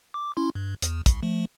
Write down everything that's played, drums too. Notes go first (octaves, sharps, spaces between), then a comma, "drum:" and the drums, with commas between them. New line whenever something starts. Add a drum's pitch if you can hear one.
D6
C#4 E4 C6
G2
E2, drum: hi-hat
C2, drum: kick, hi-hat
F3 A3